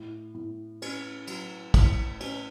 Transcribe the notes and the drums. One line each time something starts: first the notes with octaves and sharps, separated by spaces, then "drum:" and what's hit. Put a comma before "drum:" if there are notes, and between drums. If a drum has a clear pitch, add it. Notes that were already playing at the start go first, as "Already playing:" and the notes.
Already playing: A2
A2
C#4, drum: cymbal
F#3, drum: cymbal
A2, drum: kick, cymbal
C#4, drum: cymbal